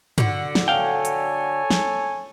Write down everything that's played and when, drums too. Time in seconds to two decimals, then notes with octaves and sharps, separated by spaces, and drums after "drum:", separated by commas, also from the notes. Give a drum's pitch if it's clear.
0.18 D3 F#4, drum: tom
0.55 drum: snare
0.68 A4 C#5 F5 G5 G#5
1.05 drum: hi-hat
1.70 drum: snare